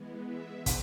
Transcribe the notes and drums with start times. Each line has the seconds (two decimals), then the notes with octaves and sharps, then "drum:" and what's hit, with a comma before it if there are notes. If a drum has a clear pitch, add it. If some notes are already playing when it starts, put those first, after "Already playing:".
Already playing: E3 G#3 B3
0.27 E5
0.66 drum: kick, hi-hat